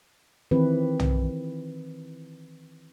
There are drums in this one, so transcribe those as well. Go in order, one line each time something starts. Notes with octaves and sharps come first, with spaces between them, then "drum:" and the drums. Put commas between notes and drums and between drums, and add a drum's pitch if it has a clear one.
D#3 E3 C4 E4 G4 B4
drum: tom